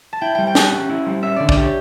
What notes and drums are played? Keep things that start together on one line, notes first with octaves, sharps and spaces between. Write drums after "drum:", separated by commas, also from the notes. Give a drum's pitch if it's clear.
A5
E4 G5
G3 G5
G5
G4 F#5, drum: snare
C#4
E4
G3
C#4 E5
D3 D5
D5, drum: kick
G4 C#5